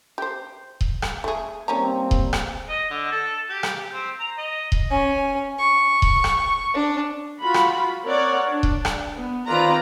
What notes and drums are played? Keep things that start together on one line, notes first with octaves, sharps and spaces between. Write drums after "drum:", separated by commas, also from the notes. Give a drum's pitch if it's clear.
G4 C5
drum: kick D#1
drum: rim click
A3 G#4
D#3 G3 A#3 C4 C#4 A#5
drum: kick D#1
drum: rim click
D#5
D3
A4
G4
drum: rim click
C4
A#5
D#5
drum: kick D#1
C#4 G#5
C#6
drum: kick D#1
drum: rim click
D4
F4 F#4 B5
drum: rim click
C4 A#4 C#5 D5 F#5
D4
drum: kick D#1
drum: rim click
B3
D#3 C4 F4 B4 D5 A#5